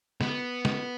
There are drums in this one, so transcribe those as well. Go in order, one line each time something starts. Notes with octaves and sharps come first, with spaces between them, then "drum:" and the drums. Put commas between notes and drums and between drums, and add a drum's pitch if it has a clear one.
B3, drum: snare
drum: snare